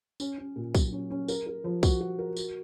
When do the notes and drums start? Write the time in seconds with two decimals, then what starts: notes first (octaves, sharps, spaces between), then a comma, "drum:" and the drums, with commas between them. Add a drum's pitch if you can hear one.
0.20 C#4, drum: tambourine
0.38 C#4
0.56 A#2
0.75 F#3, drum: kick, tambourine
0.93 C#4
1.10 C#4
1.28 A#4, drum: tambourine
1.47 A#4
1.64 F3
1.83 F#4, drum: kick, tambourine
2.01 F#4
2.19 A#4
2.37 F#4, drum: tambourine